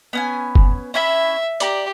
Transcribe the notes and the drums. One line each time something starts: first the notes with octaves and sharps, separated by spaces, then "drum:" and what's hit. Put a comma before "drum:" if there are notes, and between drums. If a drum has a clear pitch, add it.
B3 C#4 G#5
drum: kick F#1
C#4 E4 E5 B5
G4 D5 A#5, drum: hi-hat